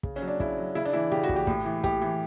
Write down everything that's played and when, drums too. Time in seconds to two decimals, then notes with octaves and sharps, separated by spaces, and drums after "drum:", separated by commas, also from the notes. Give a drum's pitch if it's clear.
0.03 C#3, drum: kick
0.16 C#4
0.22 F#3
0.28 D4
0.40 C#3 E4, drum: kick
0.58 F#3
0.75 C#3 E4
0.85 D4
0.93 E3 E4
1.12 C#3 G4
1.23 F#4
1.29 E3, drum: kick
1.36 G4
1.47 A2, drum: kick
1.65 E3
1.84 A2 G4, drum: kick
2.02 E3